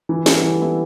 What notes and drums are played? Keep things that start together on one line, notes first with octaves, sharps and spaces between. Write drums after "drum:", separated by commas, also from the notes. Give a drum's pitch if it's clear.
E3
G3 B3 E4 A4, drum: snare
E3
G3 B3 E4 A4